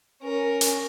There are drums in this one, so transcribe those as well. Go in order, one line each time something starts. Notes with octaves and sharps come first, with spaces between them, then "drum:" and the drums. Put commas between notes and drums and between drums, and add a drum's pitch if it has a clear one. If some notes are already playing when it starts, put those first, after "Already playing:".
C#4 A#4
drum: hi-hat